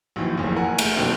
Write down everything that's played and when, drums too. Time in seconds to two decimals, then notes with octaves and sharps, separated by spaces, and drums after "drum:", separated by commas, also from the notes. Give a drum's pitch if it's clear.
0.16 A#1 F#2 D#3 E3
0.38 F#1 F2 A2 A#3
0.56 A#4 F#5 G#5
0.78 F#1 A3, drum: cymbal
0.96 F#2 B2 D#3 A#3 C4 D4